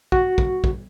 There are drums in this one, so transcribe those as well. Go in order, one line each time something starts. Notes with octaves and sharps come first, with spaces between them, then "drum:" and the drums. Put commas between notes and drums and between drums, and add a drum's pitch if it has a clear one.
F#4, drum: kick
drum: kick
drum: kick